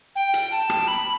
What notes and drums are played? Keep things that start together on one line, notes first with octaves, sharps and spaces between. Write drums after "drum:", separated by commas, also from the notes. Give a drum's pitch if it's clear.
G5
drum: hi-hat
A5
drum: rim click
B5